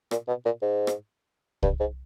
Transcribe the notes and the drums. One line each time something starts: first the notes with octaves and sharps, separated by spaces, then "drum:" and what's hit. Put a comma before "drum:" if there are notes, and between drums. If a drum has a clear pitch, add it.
A#2, drum: rim click
B2
A#2
G#2
drum: rim click
G2, drum: kick C2
G#2